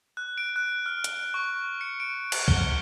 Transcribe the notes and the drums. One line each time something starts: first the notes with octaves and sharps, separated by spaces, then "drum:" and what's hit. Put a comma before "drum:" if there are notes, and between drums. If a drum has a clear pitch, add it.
F#6
D7
F#6
F6
drum: hi-hat
C#6
C#7
D7
drum: cymbal
G7, drum: kick